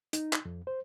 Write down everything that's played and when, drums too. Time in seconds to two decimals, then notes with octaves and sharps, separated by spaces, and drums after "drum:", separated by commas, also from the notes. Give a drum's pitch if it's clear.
0.13 D#4, drum: hi-hat
0.33 drum: clap
0.45 F2
0.67 C5